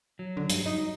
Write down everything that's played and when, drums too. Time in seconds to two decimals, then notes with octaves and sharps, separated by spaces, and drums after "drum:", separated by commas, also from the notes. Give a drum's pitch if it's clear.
0.19 F#3
0.37 D3
0.50 G2, drum: hi-hat
0.66 D#4